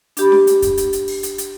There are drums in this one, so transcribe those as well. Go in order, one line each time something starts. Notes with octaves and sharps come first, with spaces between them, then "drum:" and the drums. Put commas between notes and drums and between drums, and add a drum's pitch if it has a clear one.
D4 G4 B5, drum: hi-hat
drum: snare D4
drum: hi-hat
drum: kick, hi-hat
drum: hi-hat
drum: hi-hat
drum: open hi-hat
drum: hi-hat
drum: hi-hat